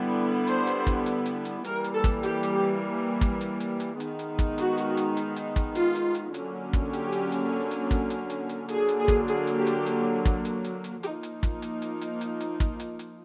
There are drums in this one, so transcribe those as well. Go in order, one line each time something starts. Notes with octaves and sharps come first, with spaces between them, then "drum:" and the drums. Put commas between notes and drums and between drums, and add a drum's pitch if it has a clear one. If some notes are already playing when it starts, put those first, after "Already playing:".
Already playing: D3 G3 B3 E4
C5, drum: hi-hat
drum: hi-hat
drum: kick, hi-hat
drum: hi-hat
drum: hi-hat
drum: hi-hat
E3 G3 A#3 A#4, drum: hi-hat
drum: hi-hat
A4
drum: kick, hi-hat
G4, drum: hi-hat
drum: hi-hat
drum: kick, hi-hat
drum: hi-hat
drum: hi-hat
drum: hi-hat
D#3 G#3 B3 D#4, drum: hi-hat
drum: hi-hat
drum: kick, hi-hat
F#4, drum: hi-hat
drum: hi-hat
drum: hi-hat
drum: hi-hat
drum: hi-hat
drum: kick, hi-hat
F4, drum: hi-hat
drum: hi-hat
drum: hi-hat
D3 F#3 A#3 C#4, drum: hi-hat
drum: kick
G4, drum: hi-hat
drum: hi-hat
drum: hi-hat
drum: hi-hat
drum: kick, hi-hat
drum: hi-hat
drum: hi-hat
drum: hi-hat
D3 F#3 A#3 G#4, drum: hi-hat
drum: hi-hat
G#4
drum: kick, hi-hat
G#4, drum: hi-hat
drum: hi-hat
G4
drum: hi-hat
drum: hi-hat
drum: kick, hi-hat
drum: hi-hat
drum: hi-hat
drum: hi-hat
F3 A#3 D#4 G4, drum: hi-hat
drum: hi-hat
drum: kick, hi-hat
drum: hi-hat
drum: hi-hat
drum: hi-hat
drum: hi-hat
drum: hi-hat
drum: kick, hi-hat
drum: hi-hat
drum: hi-hat